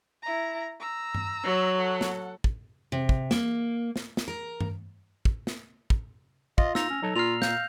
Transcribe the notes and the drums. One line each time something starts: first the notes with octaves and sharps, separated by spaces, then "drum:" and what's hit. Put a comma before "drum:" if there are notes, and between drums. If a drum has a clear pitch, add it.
E4 A#5
A#5 E6
drum: tom G2
F#3
A4 F#5
drum: snare
drum: kick
C3
drum: kick
A#3, drum: snare
drum: snare
drum: snare
A#4
drum: tom G2
drum: kick
drum: snare
drum: kick
F4 D#5, drum: kick
D#4 E6 A#6 F7, drum: snare
C#4
F#3 D#4 A4
A#2 F4 A#5 F6 C7 F7
F5 G6, drum: snare